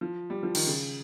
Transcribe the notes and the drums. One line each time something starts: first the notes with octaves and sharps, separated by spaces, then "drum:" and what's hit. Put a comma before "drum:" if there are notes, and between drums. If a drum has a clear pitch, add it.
F3
G3
F3
D#3, drum: cymbal
C#3